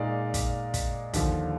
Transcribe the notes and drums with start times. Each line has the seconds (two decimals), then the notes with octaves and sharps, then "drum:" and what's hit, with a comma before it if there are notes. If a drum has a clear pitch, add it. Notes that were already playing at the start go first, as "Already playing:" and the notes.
Already playing: A#2 G#3 D#4 D5 F5
0.34 drum: kick, hi-hat
0.74 drum: kick, hi-hat
1.14 D#2 D3 F3, drum: kick, hi-hat